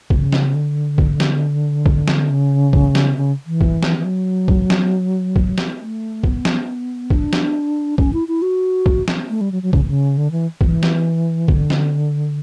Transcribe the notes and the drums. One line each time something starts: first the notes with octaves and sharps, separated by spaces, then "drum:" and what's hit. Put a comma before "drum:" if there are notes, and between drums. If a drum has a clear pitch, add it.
C#3, drum: kick
drum: snare
D3
drum: kick
drum: snare
drum: kick
drum: snare
C#3
drum: kick
drum: snare
C#3
E3
drum: kick
drum: snare
E3
F#3
drum: kick
drum: snare
drum: kick
drum: snare
A3
B3, drum: kick
drum: snare
D4, drum: kick
drum: snare
C#4, drum: kick
E4
E4
F#4
drum: kick
drum: snare
A3
G3
F#3
F#3
C#3, drum: kick
C#3
D3
E3
E3, drum: kick
drum: snare
D3, drum: kick
drum: snare